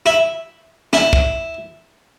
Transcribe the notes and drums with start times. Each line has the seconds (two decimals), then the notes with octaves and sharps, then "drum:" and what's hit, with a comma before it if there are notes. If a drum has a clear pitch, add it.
0.06 E4
0.93 E4, drum: snare
1.13 drum: kick